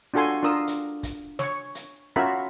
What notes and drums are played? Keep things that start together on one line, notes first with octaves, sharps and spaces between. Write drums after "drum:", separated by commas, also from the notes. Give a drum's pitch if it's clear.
D4 F4 F#4 A4 G#5 C6
D4 F4 A#4 D#6 E6
drum: hi-hat
drum: kick, hi-hat
C#5 C#6, drum: snare
drum: hi-hat
C#4 F4 F#4 A#4 E5 B5